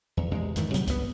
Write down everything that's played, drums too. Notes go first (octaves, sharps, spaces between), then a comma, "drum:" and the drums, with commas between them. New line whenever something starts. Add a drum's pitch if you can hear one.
E2
E2 C3 G#3
E2 G#2 D#3 E3, drum: hi-hat
C3 F#3 G3 B3, drum: hi-hat
G#1 G2 D3 B3, drum: kick C#2, hi-hat